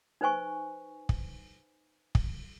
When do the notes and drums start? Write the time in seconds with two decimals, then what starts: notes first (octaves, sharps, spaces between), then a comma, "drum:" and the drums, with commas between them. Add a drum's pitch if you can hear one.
0.21 D#4 B4 C5 G#5 C#6
1.09 drum: kick
2.15 drum: kick